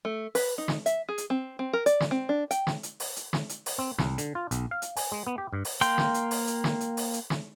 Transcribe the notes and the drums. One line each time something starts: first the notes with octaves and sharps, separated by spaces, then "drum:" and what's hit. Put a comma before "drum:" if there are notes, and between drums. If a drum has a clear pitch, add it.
A3
B4, drum: open hi-hat
D#4
drum: snare
E5, drum: hi-hat
G#4
drum: hi-hat
C4
C4
A#4
D5, drum: hi-hat
drum: snare
C4
D4
G5, drum: hi-hat
drum: snare
drum: hi-hat
drum: open hi-hat
drum: hi-hat
drum: snare
drum: hi-hat
drum: open hi-hat
C4
C2, drum: snare
D3, drum: hi-hat
F4
B1, drum: hi-hat
F5
drum: hi-hat
G#5, drum: open hi-hat
G#3
B3
G4
G2
drum: open hi-hat
A#3 G5 C6 G6, drum: hi-hat
drum: snare
drum: hi-hat
drum: open hi-hat
drum: hi-hat
drum: snare
drum: hi-hat
drum: open hi-hat
drum: hi-hat
drum: snare